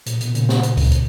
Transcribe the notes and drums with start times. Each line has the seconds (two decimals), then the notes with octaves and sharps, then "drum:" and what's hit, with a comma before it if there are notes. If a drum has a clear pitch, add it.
0.06 A#2, drum: hi-hat
0.21 B2, drum: hi-hat
0.35 A#2 C#3, drum: hi-hat
0.49 drum: snare
0.63 drum: hi-hat
0.77 drum: kick C#2, open hi-hat
0.91 drum: hi-hat